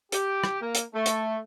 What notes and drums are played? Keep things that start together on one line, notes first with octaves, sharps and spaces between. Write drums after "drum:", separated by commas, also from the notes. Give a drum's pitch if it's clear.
G4, drum: hi-hat
drum: rim click
A#3
drum: hi-hat
A3
drum: hi-hat